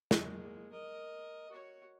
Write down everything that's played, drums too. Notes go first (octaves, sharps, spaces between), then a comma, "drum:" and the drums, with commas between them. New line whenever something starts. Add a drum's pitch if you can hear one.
G#3 A#3, drum: snare
A#4 D#5
F#4 C#5